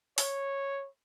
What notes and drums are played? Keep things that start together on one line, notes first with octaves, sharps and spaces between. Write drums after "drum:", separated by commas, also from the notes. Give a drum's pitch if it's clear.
C#5, drum: open hi-hat